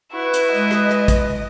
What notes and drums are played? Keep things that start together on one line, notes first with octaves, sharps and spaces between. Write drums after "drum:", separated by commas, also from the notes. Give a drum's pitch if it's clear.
E4 F#4 B4
drum: hi-hat
G#3 D#5
drum: rim click
drum: rim click
drum: kick, hi-hat